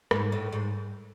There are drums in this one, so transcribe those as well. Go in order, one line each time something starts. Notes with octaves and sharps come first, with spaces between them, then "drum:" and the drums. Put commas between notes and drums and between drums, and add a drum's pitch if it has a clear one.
G#2, drum: rim click
A2
G#2